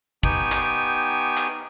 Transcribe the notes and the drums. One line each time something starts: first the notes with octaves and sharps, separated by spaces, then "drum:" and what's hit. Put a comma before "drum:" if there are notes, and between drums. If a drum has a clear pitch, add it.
B3 D#4 G4 G5 G#5 C#6, drum: kick
drum: clap
drum: clap